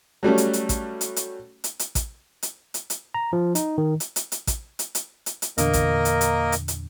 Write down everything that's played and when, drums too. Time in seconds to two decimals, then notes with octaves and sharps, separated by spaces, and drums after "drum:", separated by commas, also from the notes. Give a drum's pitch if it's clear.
0.23 F#3 G3 A3 C#4
0.38 drum: hi-hat
0.53 drum: hi-hat
0.69 drum: kick A1, hi-hat
1.01 drum: hi-hat
1.16 drum: hi-hat
1.64 drum: hi-hat
1.79 drum: hi-hat
1.95 drum: kick A1, hi-hat
2.42 drum: hi-hat
2.74 drum: hi-hat
2.90 drum: hi-hat
3.14 A#5
3.33 F3
3.55 D#4, drum: hi-hat
3.78 D#3
4.00 drum: hi-hat
4.16 drum: hi-hat
4.32 drum: hi-hat
4.47 drum: kick A1, hi-hat
4.79 drum: hi-hat
4.95 drum: hi-hat
5.26 drum: hi-hat
5.42 drum: hi-hat
5.58 E2 A#2 D3 A#3 A#4 D#5, drum: hi-hat
5.73 drum: kick A1, hi-hat
6.05 drum: hi-hat
6.21 drum: hi-hat
6.52 drum: hi-hat
6.68 drum: hi-hat